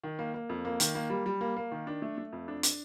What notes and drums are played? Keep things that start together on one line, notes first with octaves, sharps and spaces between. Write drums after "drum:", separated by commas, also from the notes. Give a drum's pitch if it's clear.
D#3
A#3
A#3
F2
A#3
D#3, drum: hi-hat
A#3
G3
G3
A#3
A#3
D#3
D4
A3
A3
F2
D4
D4, drum: hi-hat